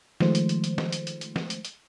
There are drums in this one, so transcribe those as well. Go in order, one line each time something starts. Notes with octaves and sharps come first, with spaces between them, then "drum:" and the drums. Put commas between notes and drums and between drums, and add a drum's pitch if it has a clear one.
D#3 F3 G#3 A3 C5, drum: snare
drum: hi-hat
drum: hi-hat
drum: hi-hat
drum: snare
drum: hi-hat
drum: hi-hat
drum: hi-hat
drum: snare
drum: hi-hat
drum: hi-hat